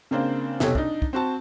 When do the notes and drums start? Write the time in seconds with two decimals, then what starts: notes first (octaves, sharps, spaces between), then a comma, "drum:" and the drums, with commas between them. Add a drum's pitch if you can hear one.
0.11 C#3 A#3 C4 D4 C5
0.60 F1 B2 G4 A4 C#5, drum: snare
0.75 D4 D#4, drum: kick
1.02 drum: kick
1.13 C4 F#4 A5